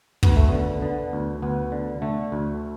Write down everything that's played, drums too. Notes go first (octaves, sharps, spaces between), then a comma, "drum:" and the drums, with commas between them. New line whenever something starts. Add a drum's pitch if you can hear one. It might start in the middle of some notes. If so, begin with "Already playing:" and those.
D2 B3, drum: kick
A3
D3 B3
D3 B3
D2
D2 B3
D3
D3 A3
D2